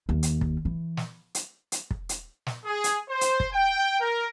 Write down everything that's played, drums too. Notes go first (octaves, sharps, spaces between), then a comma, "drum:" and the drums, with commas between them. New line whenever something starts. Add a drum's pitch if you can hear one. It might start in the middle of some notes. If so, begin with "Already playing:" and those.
D#2 A#3
drum: hi-hat
drum: kick
E3
drum: snare
drum: hi-hat
drum: hi-hat
drum: kick
drum: hi-hat
drum: snare
G#4
drum: hi-hat
C5
drum: hi-hat
drum: kick
G5
A#4